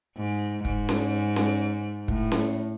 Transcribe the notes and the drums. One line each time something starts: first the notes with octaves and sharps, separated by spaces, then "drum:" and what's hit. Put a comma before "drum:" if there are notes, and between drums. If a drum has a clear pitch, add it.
G#2
G#2, drum: kick
drum: snare C#4
drum: snare C#4
A2, drum: kick
drum: snare C#4